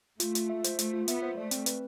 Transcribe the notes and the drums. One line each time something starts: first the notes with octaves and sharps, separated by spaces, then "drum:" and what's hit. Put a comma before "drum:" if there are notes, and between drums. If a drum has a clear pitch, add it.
A3 F4, drum: hi-hat
F4, drum: hi-hat
E5
C5, drum: hi-hat
A3 F4, drum: hi-hat
F4
B3 E5, drum: hi-hat
C5
A3 D5
C4, drum: hi-hat
B4, drum: hi-hat